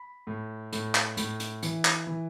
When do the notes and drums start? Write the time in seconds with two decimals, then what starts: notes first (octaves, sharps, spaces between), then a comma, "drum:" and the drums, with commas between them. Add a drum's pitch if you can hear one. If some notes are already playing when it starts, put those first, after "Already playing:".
Already playing: B5
0.27 A2
0.73 A2, drum: hi-hat
0.95 drum: clap
1.17 A2, drum: hi-hat
1.40 drum: hi-hat
1.63 E3, drum: hi-hat
1.85 drum: clap
2.07 E3